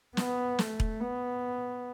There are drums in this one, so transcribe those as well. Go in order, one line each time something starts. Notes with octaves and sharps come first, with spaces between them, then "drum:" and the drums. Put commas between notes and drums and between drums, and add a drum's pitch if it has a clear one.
B3, drum: snare
A3, drum: snare
drum: kick E1
B3